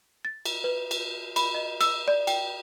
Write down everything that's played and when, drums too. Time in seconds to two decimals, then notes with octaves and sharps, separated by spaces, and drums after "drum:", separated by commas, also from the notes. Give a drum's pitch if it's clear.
0.25 A6
0.45 drum: cymbal
0.64 B4
0.91 drum: cymbal
1.36 B5, drum: cymbal
1.55 D#5
1.81 E6, drum: cymbal
2.08 D5
2.27 G5, drum: cymbal